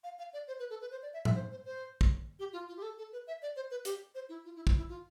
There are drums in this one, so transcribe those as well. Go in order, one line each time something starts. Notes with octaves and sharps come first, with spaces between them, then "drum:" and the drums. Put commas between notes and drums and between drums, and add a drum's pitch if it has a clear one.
F5
F5
D5
C5
B4
A4
B4
C5
D5
E5
E5, drum: tom A2
C5
C5
C5
drum: kick
G4
F4
F4
G4
A4
A4
B4
E5
D5
C5
B4
G4, drum: hi-hat
C5
E4
F4
E4
E4, drum: kick
E4
F4